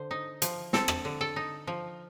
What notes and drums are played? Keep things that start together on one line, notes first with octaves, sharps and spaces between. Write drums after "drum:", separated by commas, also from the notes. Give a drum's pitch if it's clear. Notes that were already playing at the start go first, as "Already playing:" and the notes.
Already playing: D3 C5
D#4
F3, drum: hi-hat
C4 A4, drum: snare
drum: rim click
D3
A4
D#4
F3